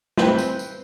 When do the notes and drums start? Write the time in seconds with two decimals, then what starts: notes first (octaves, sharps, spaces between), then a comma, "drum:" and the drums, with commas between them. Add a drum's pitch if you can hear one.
0.17 C4 B4 G6, drum: snare
0.38 drum: tambourine
0.59 drum: tambourine